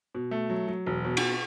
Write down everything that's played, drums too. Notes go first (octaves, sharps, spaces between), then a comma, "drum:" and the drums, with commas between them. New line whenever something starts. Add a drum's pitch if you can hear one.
B2
A3
F#3
F#3
E1
B2
drum: cymbal